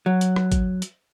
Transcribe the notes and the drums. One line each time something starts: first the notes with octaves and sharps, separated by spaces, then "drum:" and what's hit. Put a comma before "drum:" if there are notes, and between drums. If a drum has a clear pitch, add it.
F#3
drum: hi-hat
drum: rim click
drum: kick, hi-hat
drum: hi-hat